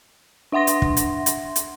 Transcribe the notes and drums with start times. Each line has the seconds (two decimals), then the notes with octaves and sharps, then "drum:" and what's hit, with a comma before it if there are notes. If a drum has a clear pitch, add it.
0.52 D4 E5 F#5 C6 A#6
0.67 drum: hi-hat
0.82 drum: kick
0.97 drum: hi-hat
1.26 drum: hi-hat
1.56 drum: hi-hat